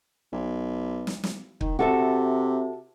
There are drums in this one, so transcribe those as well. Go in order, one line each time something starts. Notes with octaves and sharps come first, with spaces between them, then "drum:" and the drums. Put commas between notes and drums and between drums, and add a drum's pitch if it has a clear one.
B1
drum: snare
drum: snare
D#3, drum: kick
C3 F#4 A4 E5